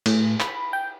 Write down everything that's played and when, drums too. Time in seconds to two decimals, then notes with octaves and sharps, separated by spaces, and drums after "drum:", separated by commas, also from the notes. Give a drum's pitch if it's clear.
0.06 A2, drum: cymbal
0.40 B5, drum: clap
0.73 G5